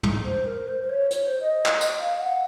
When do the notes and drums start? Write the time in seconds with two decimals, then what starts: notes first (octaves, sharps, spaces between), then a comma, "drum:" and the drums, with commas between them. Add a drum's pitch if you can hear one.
0.03 drum: tom
0.24 C5
0.45 A#4
0.68 C5
0.82 C5
0.89 C#5
1.11 C#5, drum: hi-hat
1.25 C5
1.40 D#5
1.66 drum: clap
1.81 drum: tambourine
1.98 F5
2.20 F#5